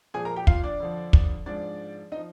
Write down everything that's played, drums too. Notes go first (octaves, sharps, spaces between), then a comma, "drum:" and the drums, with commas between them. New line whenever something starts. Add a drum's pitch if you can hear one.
A#2 F3 G#4 G#5
A#4 A#5
G4 G5
F4 F5, drum: kick
D4 D5
F2 D3 F3
drum: kick
G#2 F3 D4 D5
D#4 D#5
F3